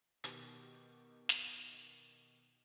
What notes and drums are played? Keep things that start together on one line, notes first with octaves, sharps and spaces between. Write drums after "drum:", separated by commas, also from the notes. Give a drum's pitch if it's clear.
B2 D#3 G4, drum: hi-hat
drum: snare